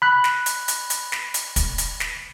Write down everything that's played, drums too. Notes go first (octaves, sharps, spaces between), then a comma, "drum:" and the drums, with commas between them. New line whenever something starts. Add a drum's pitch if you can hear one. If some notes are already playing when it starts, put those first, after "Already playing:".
B5 F#6
drum: snare
drum: hi-hat
drum: hi-hat
drum: hi-hat
drum: snare
drum: hi-hat
drum: kick, hi-hat
drum: hi-hat
drum: snare